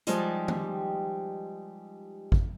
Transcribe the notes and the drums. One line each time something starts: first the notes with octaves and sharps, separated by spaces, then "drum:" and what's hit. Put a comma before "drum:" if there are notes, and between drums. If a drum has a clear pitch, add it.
F3 G3 G#3 D#4 G4, drum: hi-hat
drum: tom D#3
drum: kick G#1